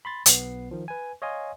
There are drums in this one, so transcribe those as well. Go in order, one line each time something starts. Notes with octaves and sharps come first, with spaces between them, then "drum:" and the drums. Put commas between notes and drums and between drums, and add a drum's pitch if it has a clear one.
B5 C6 A6
B1 B3 C7, drum: hi-hat
D#3 F3
B4 G#5
C#5 D#5 F5 G#5 C6